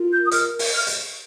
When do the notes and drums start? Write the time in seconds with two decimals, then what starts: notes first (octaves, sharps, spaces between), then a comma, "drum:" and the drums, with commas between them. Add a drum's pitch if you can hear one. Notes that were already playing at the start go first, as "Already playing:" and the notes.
Already playing: F4 A#4
0.11 G6
0.26 D#6
0.31 A#4 F6, drum: hi-hat
0.59 drum: open hi-hat
0.73 F6
0.87 drum: hi-hat